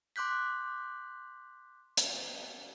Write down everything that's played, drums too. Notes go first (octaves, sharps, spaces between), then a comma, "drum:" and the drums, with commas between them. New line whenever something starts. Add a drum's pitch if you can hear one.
C6 D6 F#6 G6 B6
drum: hi-hat